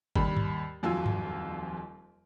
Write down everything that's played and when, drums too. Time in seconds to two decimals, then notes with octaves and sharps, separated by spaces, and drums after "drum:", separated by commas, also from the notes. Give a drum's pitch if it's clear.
0.16 D#2 G3 B5, drum: kick
0.37 drum: tom G2
0.83 D#1 F2 F#3 F4 G#5 E6
1.06 drum: tom G2